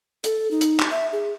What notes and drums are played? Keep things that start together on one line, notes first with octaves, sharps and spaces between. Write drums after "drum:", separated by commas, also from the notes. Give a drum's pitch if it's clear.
A4, drum: hi-hat
D#4
drum: hi-hat
drum: clap
E5
G#4